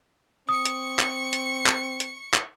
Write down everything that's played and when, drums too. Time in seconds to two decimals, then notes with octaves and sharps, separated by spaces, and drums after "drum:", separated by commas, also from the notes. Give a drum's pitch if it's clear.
0.49 C4 C#6 D#6 C#7
0.65 drum: hi-hat
0.99 drum: clap
1.33 drum: hi-hat
1.67 drum: clap
2.00 drum: hi-hat
2.34 drum: clap